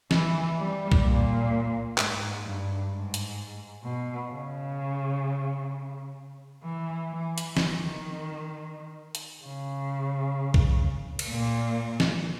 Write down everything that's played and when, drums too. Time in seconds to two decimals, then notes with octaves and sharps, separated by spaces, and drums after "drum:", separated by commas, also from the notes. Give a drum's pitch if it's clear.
0.11 E3, drum: snare
0.58 G3
0.92 drum: kick B1
1.04 A#2
1.98 G#2, drum: clap
2.44 G2
2.90 G#2
3.14 drum: hi-hat
3.84 B2
4.30 C#3
6.63 E3
7.10 E3
7.38 drum: hi-hat
7.57 D#3, drum: snare
9.15 drum: hi-hat
9.44 C#3
10.54 drum: kick B1
11.19 drum: cymbal
11.30 A#2
12.00 drum: snare